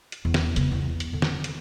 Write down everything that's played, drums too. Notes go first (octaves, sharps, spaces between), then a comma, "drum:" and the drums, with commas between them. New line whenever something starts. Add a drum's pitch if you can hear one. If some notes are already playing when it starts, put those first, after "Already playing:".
drum: hi-hat
E2
drum: snare
C#3 B3, drum: hi-hat
E2
drum: hi-hat
D3
drum: snare
drum: hi-hat